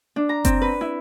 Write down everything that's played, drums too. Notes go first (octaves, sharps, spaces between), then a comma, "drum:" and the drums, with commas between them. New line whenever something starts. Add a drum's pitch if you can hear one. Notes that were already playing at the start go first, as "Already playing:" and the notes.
D4
A#5
C4, drum: kick F#1, hi-hat
B4
E4